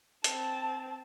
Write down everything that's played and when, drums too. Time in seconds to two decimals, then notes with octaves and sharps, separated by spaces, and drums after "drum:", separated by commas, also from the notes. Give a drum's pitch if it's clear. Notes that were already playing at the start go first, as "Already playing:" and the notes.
0.24 C4 A5, drum: hi-hat